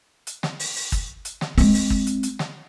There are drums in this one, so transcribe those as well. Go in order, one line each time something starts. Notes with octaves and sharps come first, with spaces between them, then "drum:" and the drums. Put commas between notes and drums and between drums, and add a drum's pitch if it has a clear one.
drum: hi-hat
drum: snare
drum: open hi-hat
drum: open hi-hat
drum: kick, hi-hat
drum: hi-hat
drum: snare
G#3 C4, drum: open hi-hat
drum: open hi-hat
drum: kick
drum: hi-hat
drum: hi-hat
drum: snare